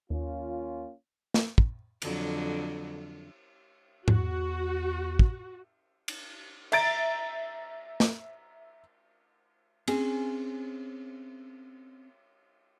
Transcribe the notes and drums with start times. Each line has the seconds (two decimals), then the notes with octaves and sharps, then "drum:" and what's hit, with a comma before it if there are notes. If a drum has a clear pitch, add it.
0.10 D#2 A#3 C#4 F4
1.34 drum: snare
1.58 drum: kick
2.02 F2 D3 F#3, drum: cymbal
4.08 E2 F#4, drum: tom G#2
5.19 drum: kick
6.08 drum: cymbal
6.72 E5 A#5 A6 D7, drum: cymbal
8.00 drum: snare
9.88 C4 C#4 G#4, drum: cymbal